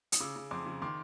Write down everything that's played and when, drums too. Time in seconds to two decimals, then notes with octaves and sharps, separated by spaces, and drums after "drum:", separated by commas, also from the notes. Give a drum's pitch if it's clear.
0.12 D#6, drum: hi-hat
0.20 C#3 D6 E6
0.36 C#3
0.51 F2 C6 D6
0.66 C#3
0.82 D#3 C6 D6